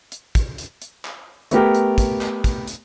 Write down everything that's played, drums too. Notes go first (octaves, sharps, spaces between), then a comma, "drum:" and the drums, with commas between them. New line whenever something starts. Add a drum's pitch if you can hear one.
drum: hi-hat
drum: kick, hi-hat
drum: hi-hat
drum: hi-hat
drum: clap
A3 B3 G4 A#4, drum: hi-hat
drum: hi-hat
drum: kick, hi-hat
drum: clap
drum: kick, hi-hat
drum: hi-hat